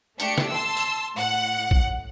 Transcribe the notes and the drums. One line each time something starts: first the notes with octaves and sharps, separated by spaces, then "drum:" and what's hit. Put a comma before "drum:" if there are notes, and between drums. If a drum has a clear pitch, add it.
A3 D4 G4 C#7, drum: hi-hat
drum: snare
A5 C6 E6
drum: tambourine
A2 F#5
drum: kick A1